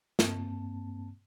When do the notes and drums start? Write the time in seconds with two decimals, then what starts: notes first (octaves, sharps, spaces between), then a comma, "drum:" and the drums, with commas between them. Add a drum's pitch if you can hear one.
0.19 G2 A#3 C4 A5, drum: snare